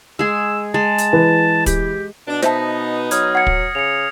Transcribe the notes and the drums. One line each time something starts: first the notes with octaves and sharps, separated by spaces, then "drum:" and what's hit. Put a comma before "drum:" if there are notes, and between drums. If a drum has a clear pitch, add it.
G#3 G#4 E6
G#3 A5
drum: hi-hat
E3 B4
G4, drum: kick, hi-hat
B2 D4
B3 D#4 C5 E5 A5 A#6, drum: snare
F#3 D#6 F6 G#6, drum: hi-hat
F#5 G#6 C7 C#7
drum: kick
C#3 C#7 F7